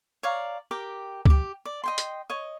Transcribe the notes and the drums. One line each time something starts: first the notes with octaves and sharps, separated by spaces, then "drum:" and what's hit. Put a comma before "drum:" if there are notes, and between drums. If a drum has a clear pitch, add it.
C#5 D5 F5 A#5
G4 A#4 G5 D6
G4 D6, drum: kick C#2
D5
D#5 G5 C6
drum: hi-hat
C#5 D#5